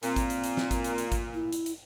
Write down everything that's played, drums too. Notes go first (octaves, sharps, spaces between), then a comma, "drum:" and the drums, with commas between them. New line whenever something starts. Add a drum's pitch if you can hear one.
A#2 C4, drum: hi-hat
drum: kick G#1, hi-hat
drum: hi-hat
drum: hi-hat
drum: snare
drum: kick G#1, hi-hat
drum: hi-hat
drum: hi-hat
drum: kick G#1, hi-hat
E4
drum: hi-hat
drum: hi-hat